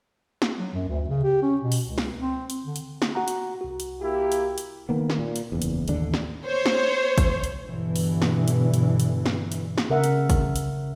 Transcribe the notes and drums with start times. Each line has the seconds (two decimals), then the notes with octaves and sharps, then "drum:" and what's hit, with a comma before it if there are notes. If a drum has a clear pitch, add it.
0.42 drum: snare
0.58 F#3
0.74 F#2
0.88 D2
1.09 C#3
1.24 G4
1.43 C#4
1.61 B2
1.72 drum: open hi-hat
1.85 C#2
1.98 drum: snare
2.18 C4
2.50 drum: hi-hat
2.66 D3
2.76 drum: hi-hat
3.02 drum: snare
3.15 F#4 F#5 A#5
3.28 drum: hi-hat
3.61 C2 F#4
3.80 drum: hi-hat
4.01 A#3 E4 G4
4.32 drum: hi-hat
4.58 drum: hi-hat
4.89 D#3 A#3 B3
5.10 drum: snare
5.19 A#2
5.36 drum: hi-hat
5.52 F#1 E2
5.62 drum: hi-hat
5.88 A1 D#2 D3 D4, drum: hi-hat
6.14 drum: snare
6.45 C5 C#5
6.66 drum: snare
7.18 drum: kick, hi-hat
7.44 drum: hi-hat
7.65 G2 B2 D3 E3
7.96 drum: open hi-hat
8.22 drum: snare
8.48 drum: hi-hat
8.74 drum: hi-hat
9.00 drum: hi-hat
9.26 drum: snare
9.52 drum: hi-hat
9.78 drum: snare
9.90 C#3 A#4 E5 F#5
10.04 drum: hi-hat
10.30 drum: kick, hi-hat
10.56 drum: hi-hat